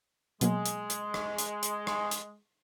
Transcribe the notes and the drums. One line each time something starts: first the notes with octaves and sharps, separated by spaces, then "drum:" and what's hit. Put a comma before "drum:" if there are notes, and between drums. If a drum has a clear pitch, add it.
B2 F#3 G#3 A#3, drum: hi-hat
drum: hi-hat
drum: hi-hat
drum: rim click
drum: hi-hat
drum: hi-hat
drum: rim click
drum: hi-hat